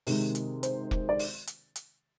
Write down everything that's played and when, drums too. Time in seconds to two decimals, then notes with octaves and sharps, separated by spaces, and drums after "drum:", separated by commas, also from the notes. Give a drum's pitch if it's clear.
0.07 C3 D#3 G#3, drum: open hi-hat
0.35 drum: hi-hat
0.63 C5, drum: hi-hat
0.91 drum: kick
1.09 D5
1.19 drum: open hi-hat
1.47 drum: hi-hat
1.76 drum: hi-hat